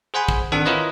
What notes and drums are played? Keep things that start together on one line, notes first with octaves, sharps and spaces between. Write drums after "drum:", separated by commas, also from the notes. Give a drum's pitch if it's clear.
G#4 C5 F#5 G#5 B5
drum: kick
G#1 D#3 C4 D4 A4 F#5
E4 F4 A#4 B4 C#5 D#5